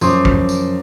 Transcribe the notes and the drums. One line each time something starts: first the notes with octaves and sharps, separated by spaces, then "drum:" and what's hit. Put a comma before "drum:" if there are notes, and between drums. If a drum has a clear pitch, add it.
F#2 F3 C5 C6 D6 D#6, drum: tambourine
drum: kick
drum: tambourine